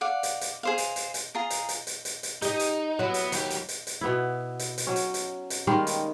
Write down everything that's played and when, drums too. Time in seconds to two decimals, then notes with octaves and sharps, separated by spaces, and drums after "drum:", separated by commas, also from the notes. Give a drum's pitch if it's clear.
0.01 D5 F5 F#5
0.23 drum: hi-hat
0.41 drum: hi-hat
0.63 G#4 C5 F5
0.78 drum: hi-hat
0.96 drum: hi-hat
1.14 drum: hi-hat
1.35 F4 G#4 A#5
1.50 drum: hi-hat
1.69 drum: hi-hat
1.87 drum: hi-hat
2.05 drum: hi-hat
2.23 drum: hi-hat
2.42 D#4 G4 D#5, drum: hi-hat
2.59 drum: hi-hat
2.99 F#3 B3 E4 F#5
3.14 drum: hi-hat
3.32 D#2 F#3 G4, drum: hi-hat
3.50 drum: hi-hat
3.69 drum: hi-hat
3.87 drum: hi-hat
4.01 B2 B3 E4
4.59 drum: hi-hat
4.78 drum: hi-hat
4.87 F#3 C#4
4.96 drum: hi-hat
5.14 drum: hi-hat
5.50 drum: hi-hat
5.67 D#3 G3 G#3 A#3
5.87 drum: hi-hat